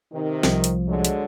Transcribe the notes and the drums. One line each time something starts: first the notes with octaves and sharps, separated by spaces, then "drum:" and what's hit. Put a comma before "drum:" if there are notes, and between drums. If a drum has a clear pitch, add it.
C3 D#3
C2 F3, drum: snare
drum: hi-hat
D3 F#3 G#3
drum: hi-hat